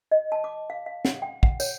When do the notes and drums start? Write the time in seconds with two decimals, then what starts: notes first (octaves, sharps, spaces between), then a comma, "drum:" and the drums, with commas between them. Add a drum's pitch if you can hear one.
0.11 D#5
0.32 A5
0.44 D6
0.70 F5
0.86 F5
1.05 F#5, drum: snare
1.22 G5
1.43 F#5, drum: kick
1.60 C#5, drum: tambourine